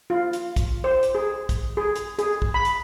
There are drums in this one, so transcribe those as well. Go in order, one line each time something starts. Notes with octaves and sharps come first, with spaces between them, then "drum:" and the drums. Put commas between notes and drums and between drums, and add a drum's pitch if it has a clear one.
F4
drum: hi-hat
drum: kick, hi-hat
C5
drum: hi-hat
G#4
drum: kick, hi-hat
G#4
drum: hi-hat
G#4, drum: hi-hat
drum: kick
B5
drum: hi-hat